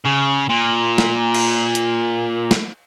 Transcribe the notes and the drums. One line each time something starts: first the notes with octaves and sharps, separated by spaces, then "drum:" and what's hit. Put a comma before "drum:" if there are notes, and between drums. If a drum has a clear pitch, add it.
C#3
A#2
drum: snare
drum: cymbal
drum: hi-hat
drum: snare